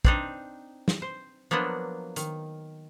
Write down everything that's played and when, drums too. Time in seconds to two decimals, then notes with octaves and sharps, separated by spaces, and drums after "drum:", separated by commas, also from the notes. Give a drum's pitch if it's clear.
0.05 C4 D4 D#4, drum: kick
0.88 drum: snare
1.02 C5
1.51 F3 F#3 A#3 B3 D4
2.16 D#3, drum: hi-hat